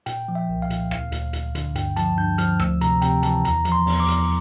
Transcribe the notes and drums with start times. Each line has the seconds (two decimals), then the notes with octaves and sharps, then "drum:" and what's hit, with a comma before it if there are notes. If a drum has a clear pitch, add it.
0.06 A#2 G5, drum: hi-hat
0.28 F3
0.35 E5
0.50 C2
0.62 F5
0.70 A#2, drum: hi-hat
0.91 D2 F5, drum: rim click
1.12 D2, drum: hi-hat
1.33 D2, drum: hi-hat
1.55 D3, drum: hi-hat
1.75 G2 G5, drum: hi-hat
1.96 F3 A5, drum: hi-hat
2.17 G2 G6
2.38 F3 F6, drum: hi-hat
2.60 D2 E6, drum: rim click
2.81 C3 A#5, drum: hi-hat
3.02 C3 G5, drum: hi-hat
3.23 E3 A5, drum: hi-hat
3.45 E2 A#5, drum: hi-hat
3.65 F3, drum: hi-hat
3.72 C6
3.87 E2, drum: open hi-hat
4.00 D6
4.08 E2, drum: hi-hat